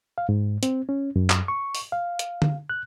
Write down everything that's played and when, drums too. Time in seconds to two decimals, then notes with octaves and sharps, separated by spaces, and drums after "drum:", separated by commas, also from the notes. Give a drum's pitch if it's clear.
0.18 F5
0.29 G#2
0.63 C4, drum: hi-hat
0.89 C#4
1.16 F#2
1.30 drum: clap
1.48 C#6
1.75 drum: open hi-hat
1.92 F5
2.19 drum: hi-hat
2.42 drum: tom D3
2.70 F#6